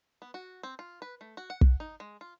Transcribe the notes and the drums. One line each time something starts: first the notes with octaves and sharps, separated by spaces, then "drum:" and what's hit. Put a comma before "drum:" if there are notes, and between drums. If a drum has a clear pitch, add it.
B3
F#4
C4
F4
B4
A3
F#4
F#5
drum: kick
D#4
G#3
F4